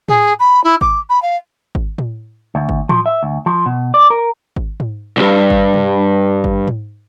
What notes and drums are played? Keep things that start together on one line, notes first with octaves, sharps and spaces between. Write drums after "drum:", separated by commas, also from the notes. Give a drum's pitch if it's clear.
G#4, drum: tom A2
B5
E4
D6, drum: kick G#1
B5
F5
drum: kick G#1
drum: tom A2
D2
drum: kick G#1
F3, drum: tom A2
E5
D2
F3
B2
D5
A#4
drum: kick G#1
drum: tom G#2
C2 G2
drum: kick G#1
drum: tom B2
drum: kick G#1
drum: tom G#2